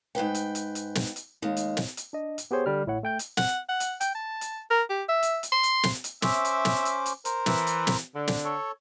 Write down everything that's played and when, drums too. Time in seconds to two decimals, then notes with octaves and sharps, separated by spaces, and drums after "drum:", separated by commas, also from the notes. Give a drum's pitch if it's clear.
0.15 G#2 C#3 B4 G5
0.35 drum: hi-hat
0.55 drum: hi-hat
0.75 drum: hi-hat
0.96 drum: snare
1.16 drum: hi-hat
1.42 D#2 G#3
1.57 drum: hi-hat
1.77 drum: snare
1.97 drum: hi-hat
2.13 D4 D#5
2.38 drum: hi-hat
2.51 B3 G4 G#4 C5 C#5
2.66 D3 G3 F6
2.86 A1 A2 E4 C#5 F#5
3.03 A3 G5 G6
3.19 drum: hi-hat
3.37 F#5, drum: snare
3.69 F#5
3.80 drum: hi-hat
4.01 G5, drum: hi-hat
4.15 A5
4.41 drum: hi-hat
4.70 A#4
4.90 G4
5.09 E5
5.23 drum: hi-hat
5.43 drum: hi-hat
5.52 C6
5.63 drum: hi-hat
5.84 drum: snare
6.04 drum: hi-hat
6.22 C#4 C5 E5 D6, drum: snare
6.45 drum: hi-hat
6.65 drum: snare
6.85 drum: hi-hat
7.06 drum: hi-hat
7.25 A#4 C5, drum: hi-hat
7.46 E3, drum: snare
7.67 drum: hi-hat
7.87 drum: snare
8.15 D3
8.28 drum: snare
8.45 A4 C#5